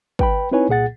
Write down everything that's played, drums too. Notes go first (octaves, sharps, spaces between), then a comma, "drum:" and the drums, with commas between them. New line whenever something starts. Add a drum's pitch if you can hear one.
B4 G5 B5, drum: kick
C4 D#4 E4 B4 C#5 G#5
C2 A#2 G#4 F#5 A6